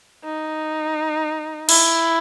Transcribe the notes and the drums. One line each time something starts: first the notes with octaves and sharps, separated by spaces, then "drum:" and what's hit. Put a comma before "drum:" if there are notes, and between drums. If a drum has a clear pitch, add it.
D#4
E4, drum: cymbal